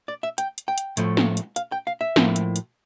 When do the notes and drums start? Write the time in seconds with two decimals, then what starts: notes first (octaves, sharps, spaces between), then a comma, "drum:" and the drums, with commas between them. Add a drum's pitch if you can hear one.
0.08 D5
0.23 E5
0.38 G5, drum: hi-hat
0.58 drum: hi-hat
0.68 G5
0.78 drum: hi-hat
0.97 A2 F3 A3, drum: hi-hat
1.17 drum: snare
1.37 drum: hi-hat
1.56 F5, drum: hi-hat
1.72 G5
1.87 F5
2.01 E5
2.16 A2 F3 A#3, drum: snare
2.36 drum: hi-hat
2.56 drum: hi-hat